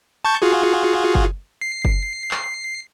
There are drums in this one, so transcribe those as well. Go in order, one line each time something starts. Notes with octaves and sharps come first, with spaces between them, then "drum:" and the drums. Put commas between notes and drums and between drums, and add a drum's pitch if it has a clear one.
A5 C#6 G6
F4 F#4 G#4
drum: kick F#1
C7
drum: kick F#1
drum: clap